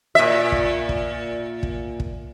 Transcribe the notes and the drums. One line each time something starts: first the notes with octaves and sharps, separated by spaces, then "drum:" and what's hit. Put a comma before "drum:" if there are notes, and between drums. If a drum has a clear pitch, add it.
A#2 E5
drum: kick
drum: kick
drum: kick
drum: kick